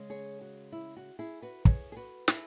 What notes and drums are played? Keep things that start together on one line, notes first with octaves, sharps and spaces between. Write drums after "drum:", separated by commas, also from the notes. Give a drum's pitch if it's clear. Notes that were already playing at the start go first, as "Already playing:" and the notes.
Already playing: C#3 G#3 C#4
G#4 C#5
F#4
E4
F#4
E4 G#4
F#4 B4
G#4 C#5, drum: kick
G#4
F#4 B4
E4 G#4, drum: snare